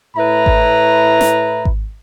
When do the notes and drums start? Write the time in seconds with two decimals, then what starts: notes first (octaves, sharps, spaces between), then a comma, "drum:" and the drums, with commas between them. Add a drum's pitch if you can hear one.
0.16 A2 E4 B4 A#5
0.46 drum: kick G#1
1.21 drum: snare
1.65 drum: kick G#1